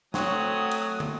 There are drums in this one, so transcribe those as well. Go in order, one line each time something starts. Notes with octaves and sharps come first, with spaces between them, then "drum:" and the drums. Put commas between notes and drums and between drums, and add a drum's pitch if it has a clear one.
F#3 A3 C4 F#4 C#5 D#6, drum: snare
drum: cymbal
drum: tom